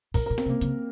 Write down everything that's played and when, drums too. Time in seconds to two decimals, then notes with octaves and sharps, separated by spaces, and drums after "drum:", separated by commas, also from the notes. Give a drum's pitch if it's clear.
0.14 A#2 A#4, drum: kick, open hi-hat
0.26 A#4
0.30 A#2
0.38 C4, drum: snare
0.46 C3
0.49 A#3
0.61 C#3, drum: hi-hat